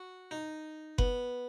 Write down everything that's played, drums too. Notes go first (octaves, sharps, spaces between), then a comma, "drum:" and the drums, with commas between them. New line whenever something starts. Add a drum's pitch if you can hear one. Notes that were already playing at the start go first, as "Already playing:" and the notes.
Already playing: F#4
D#4
B3, drum: kick F#1